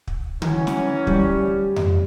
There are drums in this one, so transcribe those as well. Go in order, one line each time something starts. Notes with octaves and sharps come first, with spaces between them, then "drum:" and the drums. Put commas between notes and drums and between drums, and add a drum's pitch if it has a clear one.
drum: kick
E3 F#3 C#4, drum: tom D3
drum: snare
G3, drum: kick
drum: tom F2